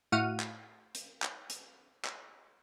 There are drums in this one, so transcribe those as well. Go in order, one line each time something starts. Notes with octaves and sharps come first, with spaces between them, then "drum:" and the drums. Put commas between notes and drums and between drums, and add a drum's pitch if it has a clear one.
A2 F#4 F5 F#5 F6 D#7
drum: clap
drum: hi-hat
drum: clap
drum: hi-hat
drum: clap